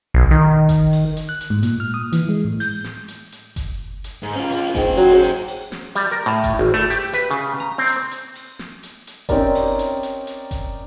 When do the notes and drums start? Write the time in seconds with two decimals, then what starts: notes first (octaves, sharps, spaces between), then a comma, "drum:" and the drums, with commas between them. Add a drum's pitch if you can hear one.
0.14 B1
0.31 D#3
0.69 drum: kick F#1, hi-hat
0.93 drum: open hi-hat
1.17 drum: hi-hat
1.29 F#6
1.41 drum: hi-hat
1.50 G#2
1.63 A#2, drum: hi-hat
1.80 F6
1.94 D#6
2.12 E3, drum: hi-hat
2.29 G#3
2.45 A2
2.60 G6, drum: open hi-hat
2.84 drum: snare
3.08 drum: hi-hat
3.32 drum: hi-hat
3.56 drum: kick F#1, hi-hat
4.04 drum: hi-hat
4.23 G#2
4.36 C#4 F4
4.52 drum: hi-hat
4.75 G#2 C#4 G5, drum: kick F#1, hi-hat
4.97 F#3, drum: hi-hat
5.12 G#4 C5
5.24 drum: hi-hat
5.48 drum: open hi-hat
5.72 drum: snare
5.95 G3, drum: hi-hat
6.11 A#4
6.26 A2
6.44 drum: kick F#1, hi-hat
6.59 G#1
6.74 A3
6.90 G4, drum: hi-hat
7.14 B4, drum: hi-hat
7.31 C#3
7.60 A#5
7.78 C4
7.87 drum: hi-hat
8.11 drum: hi-hat
8.35 drum: open hi-hat
8.59 drum: snare
8.83 drum: hi-hat
9.07 drum: hi-hat
9.29 C4 C#4 D#4 G4 A#4 D5, drum: kick F#1, hi-hat
9.55 drum: open hi-hat
9.79 drum: hi-hat
10.03 drum: hi-hat
10.27 drum: hi-hat
10.51 drum: kick F#1, hi-hat